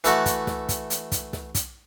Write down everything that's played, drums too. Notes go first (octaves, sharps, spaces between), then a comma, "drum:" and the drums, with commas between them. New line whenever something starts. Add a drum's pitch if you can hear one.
E3 A3 F#4, drum: hi-hat
drum: kick, hi-hat
drum: snare
drum: kick, hi-hat
drum: hi-hat
drum: kick, hi-hat
drum: snare
drum: kick, hi-hat